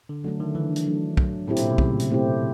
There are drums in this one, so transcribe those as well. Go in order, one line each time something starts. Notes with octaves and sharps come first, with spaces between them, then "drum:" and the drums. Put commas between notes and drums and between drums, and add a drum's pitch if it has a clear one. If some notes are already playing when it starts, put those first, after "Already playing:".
D3
D3 F#3 A3 D4
D#3
D3 E3
drum: hi-hat
F#3 A3 D4
F#3, drum: kick
A2 A3 C4 E4 G4
A#2, drum: hi-hat
B2
C3
C#3 F#3, drum: kick
drum: hi-hat
A3 C4 E4 G4